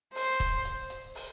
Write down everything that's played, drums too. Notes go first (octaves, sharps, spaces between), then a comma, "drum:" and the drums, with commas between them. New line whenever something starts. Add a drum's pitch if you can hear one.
C5, drum: open hi-hat
drum: kick, hi-hat
drum: hi-hat
drum: hi-hat
drum: open hi-hat